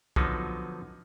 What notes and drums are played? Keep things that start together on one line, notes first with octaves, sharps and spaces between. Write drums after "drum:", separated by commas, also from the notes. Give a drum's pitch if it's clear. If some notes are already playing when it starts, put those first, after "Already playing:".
D3 F3 F#3 B3 D#4, drum: kick B1